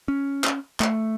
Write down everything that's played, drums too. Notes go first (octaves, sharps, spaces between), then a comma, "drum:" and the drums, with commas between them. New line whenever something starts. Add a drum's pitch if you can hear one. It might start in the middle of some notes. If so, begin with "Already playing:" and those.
C#4
drum: clap
A3, drum: clap